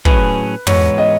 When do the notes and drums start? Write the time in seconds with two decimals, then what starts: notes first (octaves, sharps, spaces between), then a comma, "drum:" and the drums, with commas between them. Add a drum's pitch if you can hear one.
0.05 A2 F#3 C#4 G#4 B4, drum: kick
0.67 G#2 E3 G#3 B3 C#5, drum: tom
0.98 D#5